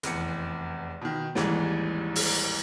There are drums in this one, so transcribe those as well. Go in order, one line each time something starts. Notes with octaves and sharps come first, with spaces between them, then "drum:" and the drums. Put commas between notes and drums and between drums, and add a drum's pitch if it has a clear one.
F1 E2 C#7, drum: hi-hat
B2 D#3
A1 D#2 G#2 E3 G3, drum: snare
drum: open hi-hat